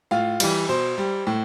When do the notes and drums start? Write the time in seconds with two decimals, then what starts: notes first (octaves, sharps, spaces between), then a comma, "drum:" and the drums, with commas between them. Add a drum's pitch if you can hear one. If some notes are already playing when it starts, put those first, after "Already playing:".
0.11 A2 F4 F5
0.40 E3 G3, drum: cymbal
0.69 B2 C5
0.98 G3
1.27 A2